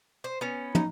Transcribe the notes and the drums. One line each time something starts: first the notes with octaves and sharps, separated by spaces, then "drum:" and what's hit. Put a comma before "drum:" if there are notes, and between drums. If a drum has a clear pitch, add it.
C5
B3 C#4
D#4, drum: tom